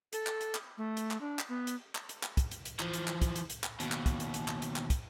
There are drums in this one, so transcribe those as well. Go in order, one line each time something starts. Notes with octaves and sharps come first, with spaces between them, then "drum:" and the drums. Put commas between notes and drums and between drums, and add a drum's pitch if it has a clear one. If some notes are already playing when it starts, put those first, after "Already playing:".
A4, drum: hi-hat
drum: clap
drum: hi-hat
drum: clap
A3
drum: hi-hat
drum: clap
D4
drum: clap
B3
drum: hi-hat
drum: clap
drum: hi-hat
drum: clap
drum: kick, hi-hat
drum: hi-hat
drum: hi-hat
E3 F3, drum: clap
drum: hi-hat
drum: clap
drum: kick, hi-hat
drum: hi-hat
drum: hi-hat
drum: clap
D#2 B2, drum: hi-hat
drum: clap
drum: kick, hi-hat
drum: hi-hat
drum: hi-hat
drum: clap
drum: hi-hat
drum: clap
drum: kick, hi-hat